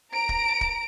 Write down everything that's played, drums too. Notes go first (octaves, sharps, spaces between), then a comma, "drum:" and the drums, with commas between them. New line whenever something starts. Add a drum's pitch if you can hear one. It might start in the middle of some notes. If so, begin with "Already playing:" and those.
A#5 D7
drum: kick
drum: kick